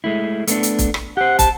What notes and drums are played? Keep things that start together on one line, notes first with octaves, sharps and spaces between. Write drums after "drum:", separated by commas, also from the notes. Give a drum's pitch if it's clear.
G#3 A3 E4
A3 B3 D4, drum: hi-hat
drum: hi-hat
drum: kick, hi-hat
drum: rim click
G4 C5 F#5
A5, drum: kick, hi-hat